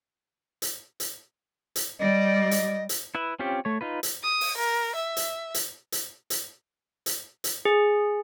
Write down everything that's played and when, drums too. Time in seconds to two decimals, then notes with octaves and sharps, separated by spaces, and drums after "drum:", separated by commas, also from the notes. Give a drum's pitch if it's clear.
0.62 drum: hi-hat
1.00 drum: hi-hat
1.76 drum: hi-hat
1.99 G3 D5 D#5
2.51 drum: hi-hat
2.89 drum: hi-hat
3.15 E4 B4 E5
3.39 C4 C#4 F4 G4 C#5
3.65 A3 C#5
3.81 D#4 F4 B4
4.03 drum: hi-hat
4.23 D#6
4.41 drum: open hi-hat
4.57 A#4
4.95 E5
5.17 drum: hi-hat
5.54 drum: hi-hat
5.92 drum: hi-hat
6.30 drum: hi-hat
7.06 drum: hi-hat
7.44 drum: hi-hat
7.65 G#4